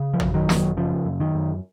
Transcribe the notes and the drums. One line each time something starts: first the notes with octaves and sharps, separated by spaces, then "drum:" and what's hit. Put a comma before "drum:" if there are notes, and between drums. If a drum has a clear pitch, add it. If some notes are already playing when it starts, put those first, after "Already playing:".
Already playing: C#3
F3
F#2, drum: tom
D#3 F#3
F#2, drum: snare
D#3 F#3
C#3 F3
F#2
D#3
F#2